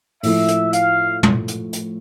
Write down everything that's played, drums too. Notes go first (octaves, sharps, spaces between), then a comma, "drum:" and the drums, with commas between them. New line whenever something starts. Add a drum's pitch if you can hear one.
A2 F3 A3 E4 E5, drum: open hi-hat
drum: hi-hat
F5, drum: hi-hat
drum: tom
drum: hi-hat
drum: hi-hat